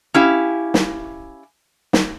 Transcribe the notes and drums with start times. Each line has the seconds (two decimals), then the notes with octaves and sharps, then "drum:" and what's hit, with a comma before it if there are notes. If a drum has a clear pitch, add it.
0.14 C#4 E4 G4 F5
0.74 drum: snare
1.93 drum: snare